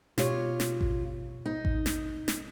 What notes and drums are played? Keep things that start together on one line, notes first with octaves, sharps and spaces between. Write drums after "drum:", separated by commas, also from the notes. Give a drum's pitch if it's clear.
B2 F4 G4 C#5, drum: snare
drum: snare
drum: kick A1
D#4
drum: kick A1
drum: snare
drum: snare